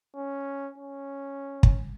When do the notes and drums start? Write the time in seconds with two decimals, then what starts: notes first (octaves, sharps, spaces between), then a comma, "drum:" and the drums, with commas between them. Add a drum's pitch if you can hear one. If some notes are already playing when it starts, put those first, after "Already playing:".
0.15 C#4
0.78 C#4
1.63 drum: kick